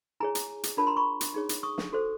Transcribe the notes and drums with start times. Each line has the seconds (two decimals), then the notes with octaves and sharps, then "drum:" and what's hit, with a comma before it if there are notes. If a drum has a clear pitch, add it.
0.20 E4 G#4 C#5 G#5 A#5
0.35 drum: hi-hat
0.63 drum: hi-hat
0.77 D4 F4 A#4 C#5 A5 B5
0.87 A#5 C6
0.97 B5 C#6
1.21 drum: hi-hat
1.34 D#4 G#4 C#5
1.49 drum: hi-hat
1.63 C#6 D#6
1.78 drum: snare
1.93 F#4 A4 C5